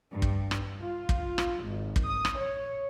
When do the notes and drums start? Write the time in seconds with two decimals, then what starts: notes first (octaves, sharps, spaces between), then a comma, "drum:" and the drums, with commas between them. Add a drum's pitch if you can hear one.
0.12 G2
0.22 drum: kick
0.51 drum: rim click
0.81 F4
1.09 drum: kick
1.38 drum: rim click
1.64 G#1
1.96 drum: kick
2.06 D#6
2.25 drum: rim click
2.39 C#5